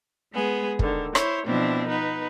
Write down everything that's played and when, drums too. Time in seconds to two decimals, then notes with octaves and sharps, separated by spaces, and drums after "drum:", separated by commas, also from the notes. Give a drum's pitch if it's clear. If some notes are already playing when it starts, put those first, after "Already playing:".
0.34 G#3 B3 G#4
0.79 D3 D#3, drum: kick
1.15 E4 C5 C#5, drum: rim click
1.46 B2 F3 C4 D4 E4
1.88 B3 D#4 B4